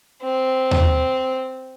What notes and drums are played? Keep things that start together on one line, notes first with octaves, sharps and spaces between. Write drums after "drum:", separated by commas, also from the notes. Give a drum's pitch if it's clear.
C4
drum: tom D#2